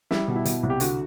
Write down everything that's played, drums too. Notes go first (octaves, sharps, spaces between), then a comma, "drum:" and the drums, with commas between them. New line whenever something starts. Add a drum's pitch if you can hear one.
G3 E4, drum: snare
B2
E4
B2, drum: hi-hat
C2
G4
D3 F#4, drum: hi-hat